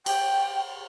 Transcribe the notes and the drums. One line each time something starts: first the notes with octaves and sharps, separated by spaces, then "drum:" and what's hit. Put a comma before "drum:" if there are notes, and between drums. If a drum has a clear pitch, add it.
G5, drum: cymbal